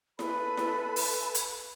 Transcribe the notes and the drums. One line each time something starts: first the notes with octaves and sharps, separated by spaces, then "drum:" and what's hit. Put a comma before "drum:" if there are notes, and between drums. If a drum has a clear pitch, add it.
A4 B4 G#5 B5, drum: snare E4
drum: snare E4
drum: open hi-hat
drum: hi-hat